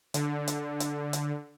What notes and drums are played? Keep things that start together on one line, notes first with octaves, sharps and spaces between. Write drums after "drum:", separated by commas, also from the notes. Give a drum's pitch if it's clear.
D3, drum: hi-hat
drum: hi-hat
drum: hi-hat
drum: hi-hat